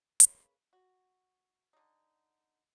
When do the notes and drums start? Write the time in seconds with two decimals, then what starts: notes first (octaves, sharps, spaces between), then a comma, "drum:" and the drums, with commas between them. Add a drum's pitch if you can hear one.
0.20 C#3 A#3 B4, drum: hi-hat
0.73 F#4
1.73 D3 D#4